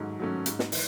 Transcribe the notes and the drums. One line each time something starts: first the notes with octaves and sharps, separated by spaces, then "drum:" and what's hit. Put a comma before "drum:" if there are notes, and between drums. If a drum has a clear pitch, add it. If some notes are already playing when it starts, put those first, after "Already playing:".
Already playing: G#2 F#3 A3 C#4
F#3 A3 C#4
G#2, drum: hi-hat
drum: snare
E3, drum: open hi-hat